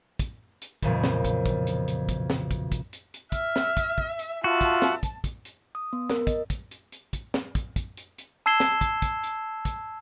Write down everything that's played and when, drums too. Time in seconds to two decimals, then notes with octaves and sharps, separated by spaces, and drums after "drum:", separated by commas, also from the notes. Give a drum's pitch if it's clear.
0.19 drum: kick, hi-hat
0.62 drum: hi-hat
0.83 B1 F2 A#2 C#3 E3, drum: kick, hi-hat
1.04 drum: snare
1.25 drum: kick, hi-hat
1.46 drum: kick, hi-hat
1.67 drum: hi-hat
1.88 drum: hi-hat
2.09 drum: kick, hi-hat
2.30 drum: snare
2.51 drum: kick, hi-hat
2.72 drum: kick, hi-hat
2.93 drum: hi-hat
3.14 drum: hi-hat
3.32 E5 F6, drum: kick, hi-hat
3.56 drum: snare
3.77 drum: kick, hi-hat
3.98 drum: kick
4.19 drum: hi-hat
4.44 F4 F#4 E5 A5
4.61 drum: kick, hi-hat
4.82 drum: snare
5.03 drum: kick, hi-hat
5.24 drum: kick, hi-hat
5.45 drum: hi-hat
5.75 D#6
5.93 B3
6.10 A#4, drum: snare
6.27 D#5, drum: kick, hi-hat
6.50 drum: kick, hi-hat
6.71 drum: hi-hat
6.92 drum: hi-hat
7.13 drum: kick, hi-hat
7.34 drum: snare
7.55 drum: kick, hi-hat
7.76 drum: kick, hi-hat
7.97 drum: hi-hat
8.18 drum: hi-hat
8.46 A5 E6 G#6 C7 E7 G7
8.60 drum: snare
8.81 drum: kick, hi-hat
9.02 drum: kick, hi-hat
9.23 drum: hi-hat
9.65 drum: kick, hi-hat